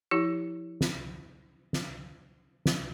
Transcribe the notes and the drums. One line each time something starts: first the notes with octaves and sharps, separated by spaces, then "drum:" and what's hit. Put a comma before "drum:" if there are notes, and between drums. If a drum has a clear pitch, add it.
F3 E4 G4
drum: snare
drum: snare
drum: snare